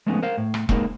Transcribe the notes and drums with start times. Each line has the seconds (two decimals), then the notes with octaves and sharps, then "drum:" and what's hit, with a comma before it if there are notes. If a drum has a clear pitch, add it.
0.06 F3 G#3 A3 B3 C#4 D#4
0.23 A#4 C5 F5
0.38 A2
0.54 drum: rim click
0.69 G#3 A#3 C4 D#4 A#4, drum: kick E1